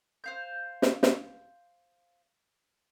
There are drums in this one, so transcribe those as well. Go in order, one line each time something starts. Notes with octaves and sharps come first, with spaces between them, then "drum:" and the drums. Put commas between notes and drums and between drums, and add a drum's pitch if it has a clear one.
C5 F5 G6
drum: snare
drum: snare